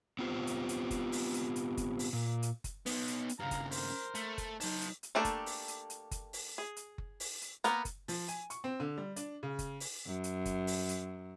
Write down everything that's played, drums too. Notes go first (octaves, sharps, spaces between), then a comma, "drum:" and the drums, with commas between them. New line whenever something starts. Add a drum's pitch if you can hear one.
B3 C4 F4 G4 C5
drum: hi-hat
drum: hi-hat
drum: kick F#1, hi-hat
drum: open hi-hat
drum: hi-hat
drum: hi-hat
drum: kick F#1, hi-hat
drum: open hi-hat
A#2
drum: hi-hat
drum: kick F#1, hi-hat
B3 D#4, drum: open hi-hat
drum: hi-hat
drum: hi-hat
G2 C#3 F5 A#5
drum: kick F#1, hi-hat
A#4 C5, drum: open hi-hat
A3, drum: hi-hat
drum: kick F#1, hi-hat
F#3 D#4 A5, drum: open hi-hat
drum: hi-hat
drum: hi-hat
A3 A#3 D4 G4 A4
drum: kick F#1, hi-hat
drum: open hi-hat
drum: hi-hat
drum: hi-hat
drum: kick F#1, hi-hat
drum: open hi-hat
G#4
drum: hi-hat
drum: kick F#1
drum: open hi-hat
drum: hi-hat
A#3 B3 A#4, drum: hi-hat
drum: kick F#1, hi-hat
F3, drum: open hi-hat
G#5, drum: hi-hat
C#6, drum: hi-hat
C4
D3
G3
D4, drum: hi-hat
C#3
drum: kick F#1, hi-hat
drum: open hi-hat
F#2
drum: hi-hat
drum: kick F#1, hi-hat
drum: open hi-hat
drum: hi-hat